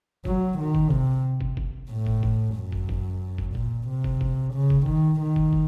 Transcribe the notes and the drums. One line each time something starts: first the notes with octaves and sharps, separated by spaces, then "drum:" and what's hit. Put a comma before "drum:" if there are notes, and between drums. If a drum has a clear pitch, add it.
F#3, drum: kick
D#3
drum: kick
C3, drum: kick
drum: kick
drum: kick
A2
drum: kick
drum: kick
F#2
drum: kick
drum: kick
drum: kick
A#2, drum: kick
C3
drum: kick
drum: kick
C#3
drum: kick
D#3, drum: kick
D#3
drum: kick
drum: kick